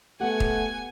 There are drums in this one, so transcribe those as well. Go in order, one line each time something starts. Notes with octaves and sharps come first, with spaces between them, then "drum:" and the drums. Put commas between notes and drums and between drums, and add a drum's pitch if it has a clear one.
A3 B3 G4 F#5 G#5
drum: kick